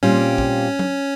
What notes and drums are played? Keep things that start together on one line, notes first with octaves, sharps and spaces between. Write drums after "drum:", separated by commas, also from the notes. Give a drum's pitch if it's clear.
A#2 G3 C4 C#4 F4
drum: kick
drum: tom F#3